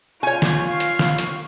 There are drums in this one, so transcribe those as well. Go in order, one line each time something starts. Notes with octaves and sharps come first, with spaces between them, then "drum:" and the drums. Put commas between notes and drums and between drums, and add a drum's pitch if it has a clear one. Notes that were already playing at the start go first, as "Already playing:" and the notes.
F4 C#5 G#5 C#6 G6
drum: snare D#3
F5 C#6 F6
drum: hi-hat
drum: snare D#3
drum: hi-hat